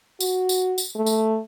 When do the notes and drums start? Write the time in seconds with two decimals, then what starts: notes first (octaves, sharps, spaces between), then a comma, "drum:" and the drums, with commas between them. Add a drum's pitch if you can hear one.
0.20 F#4, drum: tambourine
0.49 drum: tambourine
0.78 drum: tambourine
0.95 A3
1.06 drum: tambourine